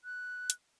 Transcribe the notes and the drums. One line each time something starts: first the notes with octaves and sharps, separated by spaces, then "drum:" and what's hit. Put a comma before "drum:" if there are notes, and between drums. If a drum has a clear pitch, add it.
F#6
drum: hi-hat